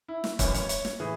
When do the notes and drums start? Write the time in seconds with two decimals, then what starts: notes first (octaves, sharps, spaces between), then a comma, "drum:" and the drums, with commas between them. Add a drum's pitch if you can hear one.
0.08 E4
0.24 drum: snare
0.39 G#1 F#2 E3 C#5, drum: kick, hi-hat
0.54 C#5, drum: hi-hat
0.69 C#5, drum: hi-hat
0.85 drum: snare
1.00 A2 E3 G#4